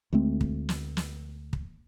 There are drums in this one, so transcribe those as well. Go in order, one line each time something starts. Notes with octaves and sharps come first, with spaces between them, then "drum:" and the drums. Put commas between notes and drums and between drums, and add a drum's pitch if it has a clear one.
D2 G#3 A3 C4
drum: kick
drum: snare
drum: snare
drum: kick